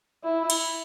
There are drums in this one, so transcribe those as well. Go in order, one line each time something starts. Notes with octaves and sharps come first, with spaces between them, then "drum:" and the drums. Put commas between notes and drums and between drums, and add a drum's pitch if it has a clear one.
E4
drum: cymbal